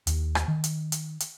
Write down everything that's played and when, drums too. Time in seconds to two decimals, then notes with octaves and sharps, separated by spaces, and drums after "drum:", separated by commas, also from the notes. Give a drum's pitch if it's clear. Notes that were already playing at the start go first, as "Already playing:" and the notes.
0.07 D#2, drum: hi-hat
0.35 drum: rim click
0.48 D#3
0.64 drum: hi-hat
0.92 drum: hi-hat
1.20 drum: hi-hat